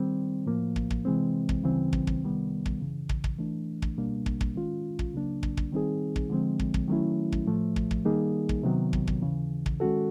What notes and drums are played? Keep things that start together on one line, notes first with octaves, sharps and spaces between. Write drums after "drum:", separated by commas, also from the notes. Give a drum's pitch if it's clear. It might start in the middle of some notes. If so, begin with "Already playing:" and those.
Already playing: D#3 G3 C4
A2 F3 A#3
drum: kick
drum: kick
C3 E3 G#3 C4
drum: kick
D2 C#3 E3 G3 C4
drum: kick
drum: kick
C2 C3 D#3 G3 B3
drum: kick
F#2 C#3 E3
drum: kick
drum: kick
E3 A3 D4
drum: kick
C#2 B2 G3 A#3 D4
drum: kick
drum: kick
D#3 G#3 C#4 F4
drum: kick
C#2 C#3 F#3 A#3 D4
drum: kick
drum: kick
D#3 G3 C4 D#4 G#4
drum: kick
D3 F3 G#3 C4
drum: kick
drum: kick
D#3 F#3 A3 C#4 E4
drum: kick
A2 F3 A3
drum: kick
drum: kick
D#3 G3 A#3 D#4 G#4
drum: kick
C3 D#3 F#3 B3
drum: kick
drum: kick
D#2 C#3 E3
drum: kick
D#3 G#3 C#4 F#4 A4